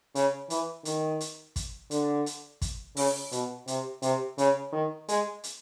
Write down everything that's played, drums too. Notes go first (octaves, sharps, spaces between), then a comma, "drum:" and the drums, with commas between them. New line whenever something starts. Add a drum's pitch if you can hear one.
C#3, drum: hi-hat
E3, drum: hi-hat
D#3, drum: hi-hat
drum: hi-hat
drum: kick, hi-hat
D3, drum: hi-hat
drum: hi-hat
drum: kick, hi-hat
C#3, drum: open hi-hat
B2, drum: hi-hat
C3, drum: hi-hat
C3, drum: hi-hat
C#3, drum: hi-hat
D#3
G#3, drum: hi-hat
drum: hi-hat